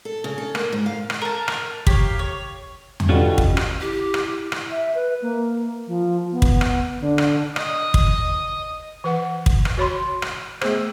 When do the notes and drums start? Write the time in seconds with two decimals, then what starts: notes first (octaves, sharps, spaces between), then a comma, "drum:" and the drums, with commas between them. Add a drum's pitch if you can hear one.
0.05 A4
0.24 C#3
0.38 A4
0.55 A#3, drum: rim click
0.72 G#2
0.86 F5
1.10 drum: rim click
1.21 A#4 A5
1.48 drum: rim click
1.87 G4 C#5 F5, drum: kick
2.19 C#5
3.00 drum: tom E2
3.09 B2 D3 G3 C#4 F4 F#4
3.38 drum: kick
3.57 drum: rim click
3.80 E4 G4
4.14 drum: rim click
4.52 drum: rim click
4.71 E5
4.95 B4
5.22 A#3
5.87 F3
6.32 B3
6.42 drum: kick
6.61 drum: rim click
7.00 D3
7.18 drum: rim click
7.56 D#5, drum: rim click
7.94 drum: kick
9.04 E3 B4 F#5
9.46 drum: kick
9.65 drum: rim click
9.78 F#4 C#5 B5 C6
10.22 drum: rim click
10.61 A3 B3 G#4 C5, drum: rim click